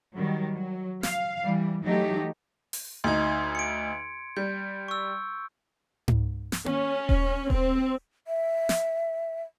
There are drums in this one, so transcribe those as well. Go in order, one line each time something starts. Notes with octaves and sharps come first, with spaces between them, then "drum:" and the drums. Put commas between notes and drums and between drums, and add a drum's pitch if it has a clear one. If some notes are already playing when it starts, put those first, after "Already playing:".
D#3 F#3 G3
F#3
F5, drum: snare
E3 G3
E3 F#3 A3 D#4 G4
drum: open hi-hat
D2 D#4 C6 G#6
C#7 D7
G3 G6
C#6 E6
drum: tom G#2
drum: snare
C#4, drum: tom A#3
drum: kick D#1
C4, drum: kick D#1
E5
drum: snare